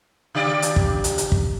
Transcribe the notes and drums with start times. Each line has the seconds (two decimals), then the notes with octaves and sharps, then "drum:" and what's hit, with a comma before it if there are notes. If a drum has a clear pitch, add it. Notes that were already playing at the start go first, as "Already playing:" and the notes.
0.35 C#3 G4 D5
0.62 drum: hi-hat
0.76 drum: kick
1.04 drum: hi-hat
1.18 drum: hi-hat
1.32 drum: kick